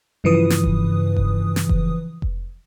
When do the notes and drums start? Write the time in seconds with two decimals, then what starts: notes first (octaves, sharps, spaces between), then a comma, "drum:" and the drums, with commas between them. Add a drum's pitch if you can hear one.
0.24 G2 C#3 E3 F3 B4 D#6
0.50 drum: snare
0.64 drum: kick F1
1.16 drum: kick F1
1.56 drum: snare
1.69 drum: kick F1
2.22 drum: kick F1